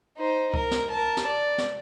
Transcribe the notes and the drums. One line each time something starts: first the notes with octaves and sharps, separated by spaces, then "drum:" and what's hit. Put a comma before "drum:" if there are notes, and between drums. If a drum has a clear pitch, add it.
D#4 C5
A#4, drum: kick C#2
drum: snare
A#4 A5
drum: snare
D5
drum: snare